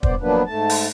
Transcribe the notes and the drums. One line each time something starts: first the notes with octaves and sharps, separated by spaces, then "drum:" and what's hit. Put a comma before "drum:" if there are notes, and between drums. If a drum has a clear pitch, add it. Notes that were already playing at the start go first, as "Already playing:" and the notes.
G2 B3 C5 D5, drum: kick
F3 F#3 A#3 B3 D4 B4
G#2 A3 A5
drum: open hi-hat